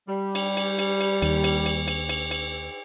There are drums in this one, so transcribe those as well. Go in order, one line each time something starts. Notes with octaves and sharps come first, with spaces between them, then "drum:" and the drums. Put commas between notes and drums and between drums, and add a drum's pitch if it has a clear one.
G3
drum: cymbal
drum: cymbal
drum: cymbal
drum: cymbal
D#2, drum: cymbal
drum: cymbal
drum: cymbal
drum: cymbal
drum: cymbal
drum: cymbal